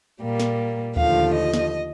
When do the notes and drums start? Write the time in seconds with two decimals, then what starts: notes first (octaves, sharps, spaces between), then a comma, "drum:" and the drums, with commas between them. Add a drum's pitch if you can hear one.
0.21 A#2 G3 A#3
0.40 drum: snare
0.96 D#2 D3 F3 A3 F5, drum: kick D2
1.35 D#5
1.54 drum: snare